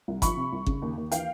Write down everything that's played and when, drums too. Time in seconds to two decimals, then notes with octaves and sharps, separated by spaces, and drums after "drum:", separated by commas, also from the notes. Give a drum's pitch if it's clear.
0.08 C2
0.22 F3 B5 C#6, drum: kick G1, hi-hat
0.37 C3
0.52 C2
0.66 C#3, drum: kick G1
0.82 D#2
0.97 D#2
1.12 E3 F5 G5, drum: hi-hat